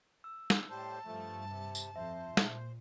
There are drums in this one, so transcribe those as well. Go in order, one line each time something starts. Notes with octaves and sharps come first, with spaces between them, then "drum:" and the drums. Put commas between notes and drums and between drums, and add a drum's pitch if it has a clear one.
E6
drum: snare
A2 G3 C5 A5
G2 F3 A3
C3
drum: tambourine
F2 C5 E5
A#2, drum: snare